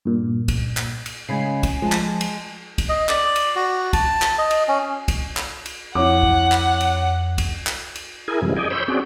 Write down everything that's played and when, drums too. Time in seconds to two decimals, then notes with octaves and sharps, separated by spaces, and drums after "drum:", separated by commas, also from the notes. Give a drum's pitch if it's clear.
0.05 G2 A#2
0.48 drum: kick, cymbal
0.77 drum: clap
1.06 drum: cymbal
1.29 C#3 G#3 G#5 B5 C7
1.63 drum: kick, cymbal
1.82 F3 G#3 A5
1.92 drum: clap
2.21 drum: cymbal
2.78 drum: kick, cymbal
2.89 D#5
3.09 D5, drum: clap
3.36 drum: cymbal
3.56 F#4
3.93 A5, drum: kick, cymbal
4.22 drum: clap
4.38 D#5
4.51 drum: cymbal
4.68 C#4
5.08 drum: kick, cymbal
5.37 drum: clap
5.66 drum: cymbal
5.95 F2 E4 C#5 F#5 D6
6.23 drum: kick
6.52 drum: clap
6.81 drum: cymbal
7.38 drum: kick, cymbal
7.67 drum: clap
7.95 drum: cymbal
8.28 E4 G#4 A#4 G#5
8.42 F#2 C3 E3 F3 G3 G#3
8.56 G#4 D5 D#5 G5 G#5
8.70 C5 C#5 B5 E6 G6
8.88 C4 C#4 F#4 G#4 D5